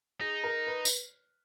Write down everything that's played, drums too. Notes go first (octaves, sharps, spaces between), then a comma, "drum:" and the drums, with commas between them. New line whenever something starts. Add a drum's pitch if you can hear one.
D#4 G#4
A#4
B4
drum: tambourine